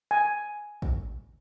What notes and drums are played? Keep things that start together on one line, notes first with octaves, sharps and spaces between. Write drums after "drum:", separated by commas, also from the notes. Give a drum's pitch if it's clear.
G#5
drum: kick A1